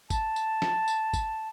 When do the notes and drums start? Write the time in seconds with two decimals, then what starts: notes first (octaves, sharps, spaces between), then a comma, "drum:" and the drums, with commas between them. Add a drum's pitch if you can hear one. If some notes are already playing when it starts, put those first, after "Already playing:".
0.10 A5, drum: kick, tambourine
0.36 drum: tambourine
0.62 drum: snare
0.88 drum: tambourine
1.13 drum: kick, tambourine